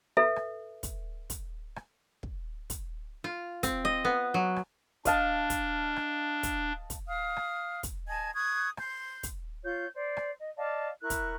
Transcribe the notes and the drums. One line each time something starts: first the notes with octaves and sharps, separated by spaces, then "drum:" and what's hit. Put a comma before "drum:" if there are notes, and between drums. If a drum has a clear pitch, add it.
A4 B4 E5
drum: rim click
drum: kick, hi-hat
drum: kick, hi-hat
drum: rim click
drum: kick
drum: kick, hi-hat
F4
C4, drum: kick, hi-hat
D#5
B3
F#3
drum: rim click
D4 D#5 F5 A5, drum: kick, hi-hat
drum: kick, hi-hat
drum: rim click
drum: kick, hi-hat
drum: kick, hi-hat
F5 D#6 F6
drum: rim click
drum: kick, hi-hat
D#5 G#5 A5 G#6
C#6 D#6 F#6 G#6
C6 G6, drum: rim click
drum: kick, hi-hat
F4 C#5 G6
C5 D5
drum: rim click
D#5
D5 D#5 F5 A5
E4 A#4 C#6 F#6
drum: kick, hi-hat